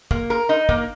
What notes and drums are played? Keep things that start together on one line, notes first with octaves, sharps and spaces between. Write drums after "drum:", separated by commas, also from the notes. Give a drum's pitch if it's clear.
A#3, drum: kick
A#4
D#4
A#3, drum: kick